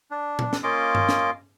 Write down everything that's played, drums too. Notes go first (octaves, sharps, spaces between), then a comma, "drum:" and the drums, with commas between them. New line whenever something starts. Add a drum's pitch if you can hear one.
D4
drum: tom
drum: snare
A#3 C#4 F4 D#5 C6 D6
drum: tom G2
drum: snare